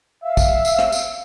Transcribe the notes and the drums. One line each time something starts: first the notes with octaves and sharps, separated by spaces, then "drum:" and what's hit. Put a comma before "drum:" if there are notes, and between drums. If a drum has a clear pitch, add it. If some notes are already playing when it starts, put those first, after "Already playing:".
E5 F5 E6
drum: kick, tambourine
drum: tambourine
drum: rim click
drum: tambourine